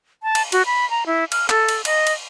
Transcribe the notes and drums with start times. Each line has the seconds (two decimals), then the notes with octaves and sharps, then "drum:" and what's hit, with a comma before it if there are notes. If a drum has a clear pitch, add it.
0.23 A5
0.35 drum: cymbal
0.52 F#4, drum: cymbal
0.66 B5
0.90 A#5
1.06 E4
1.32 F6, drum: cymbal
1.49 A4, drum: clap
1.69 drum: cymbal
1.85 D#5, drum: cymbal
2.07 drum: cymbal